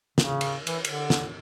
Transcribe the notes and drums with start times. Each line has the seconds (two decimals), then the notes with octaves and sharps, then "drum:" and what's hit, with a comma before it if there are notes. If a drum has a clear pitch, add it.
0.18 C#3, drum: snare
0.41 drum: cymbal
0.67 E3, drum: cymbal
0.85 D3, drum: cymbal
1.10 drum: snare